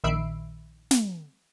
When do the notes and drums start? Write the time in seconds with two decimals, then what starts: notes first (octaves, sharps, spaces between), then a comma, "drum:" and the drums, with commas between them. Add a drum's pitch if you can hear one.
0.04 A#1 D#3 E5 B5 C7 D7
0.91 drum: snare